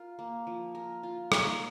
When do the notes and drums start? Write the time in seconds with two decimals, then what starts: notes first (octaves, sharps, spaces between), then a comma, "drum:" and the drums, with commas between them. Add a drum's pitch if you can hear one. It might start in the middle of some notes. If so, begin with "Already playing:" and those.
Already playing: F4 A#4
0.19 A#3
0.47 F3
0.75 A#4
1.03 F4
1.32 A#3, drum: rim click